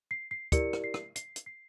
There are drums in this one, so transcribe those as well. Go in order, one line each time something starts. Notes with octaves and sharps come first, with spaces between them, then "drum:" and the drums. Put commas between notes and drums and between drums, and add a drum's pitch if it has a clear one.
C7
C7
E4 G4 A#4 D5 C#7, drum: kick, hi-hat
drum: rim click
C7
drum: rim click
C7, drum: hi-hat
drum: hi-hat
C7